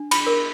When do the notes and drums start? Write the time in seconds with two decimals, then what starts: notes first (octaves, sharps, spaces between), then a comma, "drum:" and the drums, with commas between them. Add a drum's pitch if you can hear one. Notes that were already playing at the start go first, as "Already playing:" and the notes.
Already playing: D4
0.11 B5, drum: cymbal
0.27 A#4